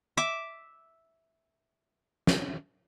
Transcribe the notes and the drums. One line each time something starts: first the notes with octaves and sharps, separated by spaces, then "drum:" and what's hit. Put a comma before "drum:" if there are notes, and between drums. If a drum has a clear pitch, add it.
E5 D6
drum: snare